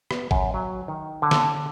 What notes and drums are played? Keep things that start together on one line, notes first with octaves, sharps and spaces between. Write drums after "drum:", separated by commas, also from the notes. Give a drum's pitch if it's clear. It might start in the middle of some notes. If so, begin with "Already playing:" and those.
B3, drum: rim click
F#2, drum: kick
F#3
D#3
D3
drum: snare